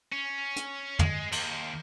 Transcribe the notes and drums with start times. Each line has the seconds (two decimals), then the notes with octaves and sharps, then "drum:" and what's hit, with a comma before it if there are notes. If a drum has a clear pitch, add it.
0.13 C#4
0.56 drum: hi-hat
0.99 G#3, drum: tom
1.32 D#2, drum: cymbal